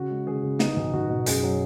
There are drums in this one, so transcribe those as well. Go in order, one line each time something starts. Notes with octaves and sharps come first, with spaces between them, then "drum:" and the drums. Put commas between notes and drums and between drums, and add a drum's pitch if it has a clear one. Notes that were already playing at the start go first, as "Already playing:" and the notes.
Already playing: C#3 F#4
G#3
C#3 G#4
C#3
B3 D#4, drum: snare
B1
B1 F#4
B2
F#2 G#4, drum: hi-hat
F#3